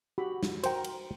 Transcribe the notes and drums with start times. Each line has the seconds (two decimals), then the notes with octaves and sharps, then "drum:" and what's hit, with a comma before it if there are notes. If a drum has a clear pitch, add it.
0.18 F#4 G4 B5
0.43 drum: snare
0.64 F#4 A#4 C5 G5 A#5, drum: cymbal
0.84 drum: cymbal